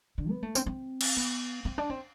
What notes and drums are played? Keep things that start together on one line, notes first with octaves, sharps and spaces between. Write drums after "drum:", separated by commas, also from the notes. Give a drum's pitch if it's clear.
D3
B3
A3
C4, drum: tambourine
C4
drum: cymbal
B3
C4
D4
C4